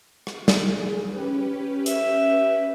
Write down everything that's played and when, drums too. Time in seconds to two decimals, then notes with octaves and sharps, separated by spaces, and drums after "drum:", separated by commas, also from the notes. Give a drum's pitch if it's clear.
0.27 drum: rim click
0.48 drum: snare
0.68 G#4
1.07 C#4 G4 B4
1.86 E5, drum: hi-hat